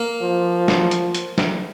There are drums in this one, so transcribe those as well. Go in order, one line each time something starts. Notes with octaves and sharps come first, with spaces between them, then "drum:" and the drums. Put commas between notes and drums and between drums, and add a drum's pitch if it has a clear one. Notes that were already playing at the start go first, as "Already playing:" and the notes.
Already playing: A#3
F3
drum: snare
drum: hi-hat
drum: hi-hat
drum: snare